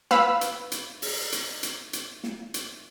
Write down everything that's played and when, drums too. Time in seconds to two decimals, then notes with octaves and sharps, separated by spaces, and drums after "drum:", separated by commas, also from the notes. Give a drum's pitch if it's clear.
0.11 B4 F5 B5 E6, drum: snare
0.41 drum: hi-hat
0.72 drum: hi-hat
1.02 drum: open hi-hat
1.32 drum: hi-hat
1.63 drum: hi-hat
1.93 drum: hi-hat
2.24 drum: snare
2.54 drum: hi-hat